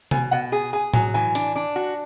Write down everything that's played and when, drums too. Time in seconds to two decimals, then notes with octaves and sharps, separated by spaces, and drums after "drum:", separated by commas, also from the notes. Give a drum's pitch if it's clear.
0.11 B2 G#5, drum: tom C3
0.31 B2 F#5
0.52 G#4 G#5
0.73 G#4 G#5
0.94 F#3 G#5, drum: tom A2
1.14 E3 G#5
1.35 D4, drum: hi-hat
1.56 D4
1.76 F#4